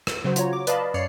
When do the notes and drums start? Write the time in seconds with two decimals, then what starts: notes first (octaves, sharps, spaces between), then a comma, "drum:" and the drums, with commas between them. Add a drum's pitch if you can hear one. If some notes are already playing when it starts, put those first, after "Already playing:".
0.07 drum: rim click
0.24 C#3 F#3 F#4 C5
0.36 F4 F#4 C#5 A#5, drum: hi-hat
0.53 D6
0.67 B4 D5 D#5 F5 A5 B5, drum: hi-hat
0.94 F#2 C#5 D5 C7 C#7